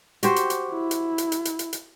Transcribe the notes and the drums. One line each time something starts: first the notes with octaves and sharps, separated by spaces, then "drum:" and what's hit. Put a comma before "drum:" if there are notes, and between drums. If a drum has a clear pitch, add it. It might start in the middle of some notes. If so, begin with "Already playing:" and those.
F#4 G4 C5, drum: hi-hat
drum: hi-hat
drum: hi-hat
E4
drum: hi-hat
drum: hi-hat
drum: hi-hat
drum: hi-hat
drum: hi-hat
drum: hi-hat